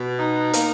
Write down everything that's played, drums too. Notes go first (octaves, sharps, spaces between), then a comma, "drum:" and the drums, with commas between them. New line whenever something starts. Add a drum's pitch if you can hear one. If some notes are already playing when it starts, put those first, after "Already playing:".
Already playing: B2
D#4
A#3, drum: hi-hat